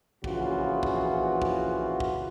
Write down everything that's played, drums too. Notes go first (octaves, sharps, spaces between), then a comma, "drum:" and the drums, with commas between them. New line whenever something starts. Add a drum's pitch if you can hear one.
A#1 C#3 E3 F4 F#4, drum: kick
drum: kick
drum: kick
drum: kick